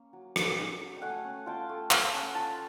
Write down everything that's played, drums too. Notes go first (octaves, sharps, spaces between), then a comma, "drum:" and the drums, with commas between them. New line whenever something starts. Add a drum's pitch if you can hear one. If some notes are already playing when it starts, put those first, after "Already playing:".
Already playing: A#3 C#4
F#3
A#3, drum: rim click
C#4
F#3
G5
A3 F#5 G#5
C#4
F4 G5 A5
A3
A3 F#5 G#5, drum: clap
C#4
F4 G5 A5